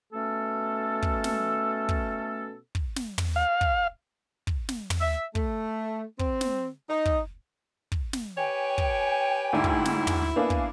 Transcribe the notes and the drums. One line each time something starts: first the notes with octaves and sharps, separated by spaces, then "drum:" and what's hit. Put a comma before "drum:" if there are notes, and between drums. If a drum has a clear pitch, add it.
B2 A3 C#4 A4
drum: kick
drum: snare
drum: kick
drum: kick
drum: snare
drum: tom
F5
drum: kick
drum: kick
drum: snare
drum: tom
E5
A3, drum: kick
C4, drum: kick
drum: snare
D#4
drum: kick
drum: kick
drum: snare
G4 B4 C#5 G5 G#5
drum: kick
D2 G#2 D4 E4
drum: kick
drum: snare
drum: tom
A#3 B3 D4 F5 G#5
drum: kick